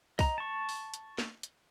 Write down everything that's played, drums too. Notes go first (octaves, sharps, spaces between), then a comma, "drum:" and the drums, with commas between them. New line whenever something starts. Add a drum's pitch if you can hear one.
D#5 A#5, drum: kick C2, open hi-hat
A5 C#6
drum: open hi-hat
drum: hi-hat
drum: snare
drum: hi-hat